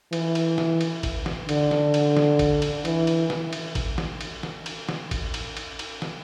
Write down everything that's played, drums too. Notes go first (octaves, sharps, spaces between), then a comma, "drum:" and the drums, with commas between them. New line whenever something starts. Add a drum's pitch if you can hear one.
E3, drum: cymbal
drum: cymbal
drum: snare
drum: cymbal
drum: kick G#1, cymbal
drum: snare
D3, drum: cymbal
drum: snare
drum: cymbal
drum: snare
drum: kick G#1, cymbal
drum: cymbal
E3, drum: cymbal
drum: cymbal
drum: snare
drum: cymbal
drum: kick G#1, cymbal
drum: snare
drum: cymbal
drum: snare
drum: cymbal
drum: snare
drum: kick G#1, cymbal
drum: cymbal
drum: cymbal
drum: cymbal
drum: snare